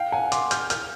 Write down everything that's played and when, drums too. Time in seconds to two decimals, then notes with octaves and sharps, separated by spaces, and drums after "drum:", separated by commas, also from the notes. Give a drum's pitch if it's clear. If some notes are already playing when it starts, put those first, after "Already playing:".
Already playing: F5 G5
0.12 F#5 G#5
0.32 C6 D6, drum: hi-hat
0.51 F6 G6, drum: hi-hat
0.70 F6 G6, drum: hi-hat